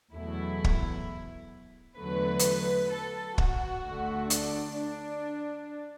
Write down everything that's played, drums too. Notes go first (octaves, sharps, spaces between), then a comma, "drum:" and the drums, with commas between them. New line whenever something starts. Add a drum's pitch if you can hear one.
E2 B2 F#3 A3 E4
drum: kick
E2 D3 F#3 A3 B4
drum: hi-hat
A4
F#4, drum: kick
D2 D3 A3
D4, drum: hi-hat
D4